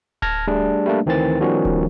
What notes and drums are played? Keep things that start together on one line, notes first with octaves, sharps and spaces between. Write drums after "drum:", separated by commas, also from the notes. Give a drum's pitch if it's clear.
A5 F6 G#6 A#6, drum: kick D1
G3 A3 D4 G#4
G3 A3 A#3 D4
D2 D#3 E3 C4 C5 A6
D#3 F3 G3 B3 C#4 F#4
drum: kick D1